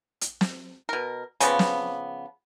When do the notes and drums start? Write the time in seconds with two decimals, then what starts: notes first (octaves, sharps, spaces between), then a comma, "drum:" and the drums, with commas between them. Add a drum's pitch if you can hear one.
0.21 drum: hi-hat
0.41 drum: snare
0.89 B2 A#4
1.40 C#3 F3 G3 B3, drum: hi-hat
1.59 drum: snare